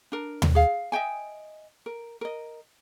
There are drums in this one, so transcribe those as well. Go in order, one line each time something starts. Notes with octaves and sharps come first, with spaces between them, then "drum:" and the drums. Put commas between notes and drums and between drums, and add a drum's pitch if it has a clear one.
D4 A#4
drum: tom D#2
G#4 F5
D#5 E5 G5 G#5
A#4
A#4 D#5